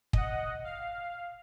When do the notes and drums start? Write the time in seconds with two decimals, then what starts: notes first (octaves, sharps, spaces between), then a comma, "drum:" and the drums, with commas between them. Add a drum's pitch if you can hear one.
0.13 D#5 F#5, drum: kick
0.64 F5